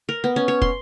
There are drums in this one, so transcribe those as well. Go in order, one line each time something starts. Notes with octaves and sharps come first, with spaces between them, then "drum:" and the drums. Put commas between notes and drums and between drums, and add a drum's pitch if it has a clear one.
A#4
B3
C#4
C#5
C6, drum: kick